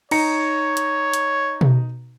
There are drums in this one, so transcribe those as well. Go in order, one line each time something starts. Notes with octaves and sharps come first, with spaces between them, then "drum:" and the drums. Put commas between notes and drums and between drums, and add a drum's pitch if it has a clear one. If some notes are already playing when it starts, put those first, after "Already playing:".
D#4 C#5 A#5 C#7, drum: cymbal
drum: hi-hat
drum: hi-hat
drum: tom B2